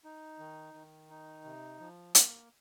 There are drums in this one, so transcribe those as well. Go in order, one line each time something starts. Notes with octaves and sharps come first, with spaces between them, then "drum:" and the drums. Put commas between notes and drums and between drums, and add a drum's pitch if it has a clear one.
D#4
D#3
D#3
D#4
C3
F3
A#3, drum: hi-hat